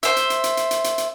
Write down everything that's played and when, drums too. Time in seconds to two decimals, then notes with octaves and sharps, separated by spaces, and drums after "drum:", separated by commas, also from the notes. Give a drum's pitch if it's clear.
0.03 C5 E5, drum: hi-hat
0.16 drum: hi-hat
0.30 drum: hi-hat
0.44 drum: hi-hat
0.57 drum: hi-hat
0.71 drum: hi-hat
0.84 drum: hi-hat
0.98 drum: hi-hat